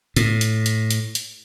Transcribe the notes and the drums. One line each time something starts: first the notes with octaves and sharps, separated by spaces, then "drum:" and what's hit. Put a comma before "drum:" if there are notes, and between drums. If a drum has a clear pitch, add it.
A2, drum: hi-hat
drum: hi-hat
drum: hi-hat
drum: hi-hat
drum: hi-hat